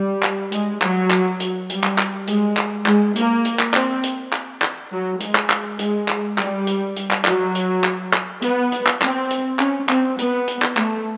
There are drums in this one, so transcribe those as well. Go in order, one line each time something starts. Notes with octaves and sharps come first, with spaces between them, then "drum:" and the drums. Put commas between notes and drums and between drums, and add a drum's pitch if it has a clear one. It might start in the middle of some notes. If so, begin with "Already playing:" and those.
Already playing: G3
drum: clap
G#3, drum: hi-hat
F#3, drum: clap
drum: clap
drum: hi-hat
G3, drum: hi-hat
drum: clap
drum: clap
G#3, drum: hi-hat
drum: clap
G#3, drum: clap
A#3, drum: hi-hat
drum: hi-hat
drum: clap
C4, drum: clap
drum: hi-hat
drum: clap
drum: clap
F#3
G#3, drum: hi-hat
drum: clap
drum: clap
G#3, drum: hi-hat
drum: clap
G3, drum: clap
drum: hi-hat
drum: hi-hat
drum: clap
F#3, drum: clap
drum: hi-hat
drum: clap
drum: clap
B3, drum: hi-hat
drum: hi-hat
drum: clap
C4, drum: clap
drum: hi-hat
C#4, drum: clap
C4, drum: clap
B3, drum: hi-hat
drum: hi-hat
drum: clap
A3, drum: clap